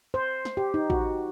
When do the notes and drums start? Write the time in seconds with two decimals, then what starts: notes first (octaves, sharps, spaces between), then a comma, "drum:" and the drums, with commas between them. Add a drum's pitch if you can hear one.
0.14 C5
0.45 drum: snare
0.57 G4
0.74 D#4
0.90 F#4, drum: kick